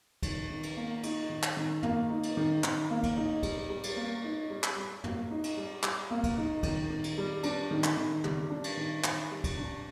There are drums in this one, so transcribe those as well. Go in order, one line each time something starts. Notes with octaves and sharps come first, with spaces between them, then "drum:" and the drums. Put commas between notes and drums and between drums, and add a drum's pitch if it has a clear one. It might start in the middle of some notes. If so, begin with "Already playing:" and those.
D#3, drum: kick, cymbal
D#3
drum: cymbal
A#3
D#4, drum: cymbal
D#3
drum: clap
D#3
A#3, drum: tom
D#4
drum: cymbal
D#3
D#3, drum: clap
A#3
drum: kick, cymbal
D#4
G3, drum: kick, cymbal
G3
drum: cymbal
A#3
D#4
G3
drum: clap
G3
A#3, drum: tom
D#4
drum: cymbal
G3
G3, drum: clap
A#3
drum: kick, cymbal
D#4
D#3, drum: kick, cymbal
D#3
drum: cymbal
G3
D4, drum: cymbal
D#3
drum: clap
D#3
G3, drum: tom
D4
drum: cymbal
D#3
D#3, drum: clap
G3
drum: kick, cymbal
D4